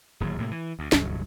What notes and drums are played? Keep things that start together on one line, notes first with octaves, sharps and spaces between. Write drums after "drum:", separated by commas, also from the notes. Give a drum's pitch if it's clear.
D1 D#2 F#3
A2 C3 G3 A#3
E3
D2
D#1 C#2 G2 F#3, drum: snare